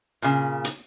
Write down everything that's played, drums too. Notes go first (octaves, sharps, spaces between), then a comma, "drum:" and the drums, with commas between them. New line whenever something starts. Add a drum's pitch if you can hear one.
A#2 C#3
drum: hi-hat